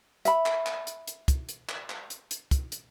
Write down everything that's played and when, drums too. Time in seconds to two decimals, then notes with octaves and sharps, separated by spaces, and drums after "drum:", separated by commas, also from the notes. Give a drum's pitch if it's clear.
0.25 E5 B5, drum: hi-hat
0.46 drum: clap
0.66 drum: clap
0.87 drum: hi-hat
1.07 drum: hi-hat
1.28 drum: kick, hi-hat
1.49 drum: hi-hat
1.69 drum: clap
1.90 drum: clap
2.10 drum: hi-hat
2.31 drum: hi-hat
2.51 drum: kick, hi-hat
2.72 drum: hi-hat